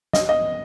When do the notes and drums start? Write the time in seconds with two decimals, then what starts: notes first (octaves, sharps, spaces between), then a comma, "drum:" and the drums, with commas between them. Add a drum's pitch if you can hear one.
0.13 D#5, drum: snare
0.29 D#5